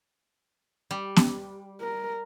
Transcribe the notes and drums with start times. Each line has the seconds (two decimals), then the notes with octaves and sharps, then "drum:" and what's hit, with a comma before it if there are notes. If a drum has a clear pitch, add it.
0.91 G3
1.16 drum: snare
1.81 A#4